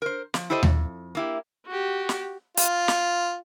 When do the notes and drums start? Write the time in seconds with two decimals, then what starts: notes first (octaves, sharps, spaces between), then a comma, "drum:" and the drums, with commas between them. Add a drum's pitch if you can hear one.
0.02 A#4 C5
0.34 F3, drum: snare
0.50 E4 G4 A4 C5 D#5
0.63 F2, drum: tom D#2
1.15 A#3 E4 G4
1.67 F#4 G4
2.09 drum: snare
2.57 F4, drum: hi-hat
2.88 drum: snare